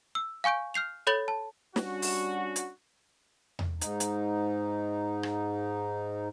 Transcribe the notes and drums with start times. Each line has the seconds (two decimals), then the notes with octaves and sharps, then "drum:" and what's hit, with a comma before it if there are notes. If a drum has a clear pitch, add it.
0.15 E6
0.44 F5 G#5 C#6 G6 D7
0.74 F6 G6 C7 F7
1.07 A4 C#5 B5 G6 A6 F#7
1.28 A5
1.76 G3 C#4 D4 F#4, drum: snare
2.02 drum: open hi-hat
2.56 drum: hi-hat
3.59 drum: tom E2
3.81 G#2 D#4, drum: hi-hat
4.00 drum: hi-hat
5.23 drum: rim click